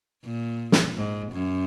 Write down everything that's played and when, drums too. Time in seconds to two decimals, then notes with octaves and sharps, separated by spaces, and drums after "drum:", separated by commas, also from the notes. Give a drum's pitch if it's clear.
0.25 A#2
0.72 drum: snare
0.97 G#2
1.32 F#2